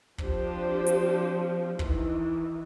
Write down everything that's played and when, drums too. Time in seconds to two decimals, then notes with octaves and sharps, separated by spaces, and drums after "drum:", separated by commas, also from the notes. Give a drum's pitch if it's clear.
0.18 F3 C4 D4 G4 C5, drum: kick
0.86 drum: hi-hat
1.79 D#3 E3, drum: kick